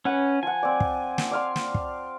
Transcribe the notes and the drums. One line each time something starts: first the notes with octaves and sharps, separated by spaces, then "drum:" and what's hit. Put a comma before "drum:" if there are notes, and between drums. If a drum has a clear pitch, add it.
C#4 B4 F#5 G#5
F3 F#5 G#5
C4 D5
drum: kick
drum: snare
D5 F5 C6
drum: snare
drum: kick